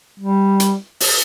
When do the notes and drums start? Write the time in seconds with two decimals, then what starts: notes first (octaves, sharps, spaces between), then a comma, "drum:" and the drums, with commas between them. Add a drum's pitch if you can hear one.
0.19 G3
0.60 drum: hi-hat
1.00 drum: open hi-hat